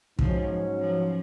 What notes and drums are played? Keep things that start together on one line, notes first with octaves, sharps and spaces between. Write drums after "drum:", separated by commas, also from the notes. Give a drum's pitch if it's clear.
G#2 F3 F#3 C#4, drum: kick
F3